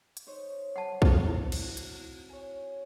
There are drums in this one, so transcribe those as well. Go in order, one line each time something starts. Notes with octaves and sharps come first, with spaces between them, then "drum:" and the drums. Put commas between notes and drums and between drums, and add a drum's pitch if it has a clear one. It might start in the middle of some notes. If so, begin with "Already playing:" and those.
drum: hi-hat
D#4 C5 C#5
F#5 A5
drum: kick
C4
E4
drum: cymbal
F#4
drum: hi-hat
C#5 G#5